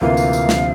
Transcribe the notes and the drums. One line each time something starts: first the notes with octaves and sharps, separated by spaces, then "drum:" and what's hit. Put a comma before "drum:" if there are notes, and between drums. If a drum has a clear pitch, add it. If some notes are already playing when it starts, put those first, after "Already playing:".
D2 C3 E3 A#3 F4 F5
drum: tambourine
drum: tambourine
D2 C3 F3, drum: snare